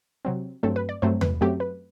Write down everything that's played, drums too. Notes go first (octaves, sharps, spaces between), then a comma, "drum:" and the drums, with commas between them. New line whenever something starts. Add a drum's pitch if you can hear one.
C3 F#3 C4
G2 F#3 A3 C4 A4
B4
D5
G2 F#3 A3 C4 C5
B4, drum: tom E2
F#2 F#3 A3 C4 G4
B4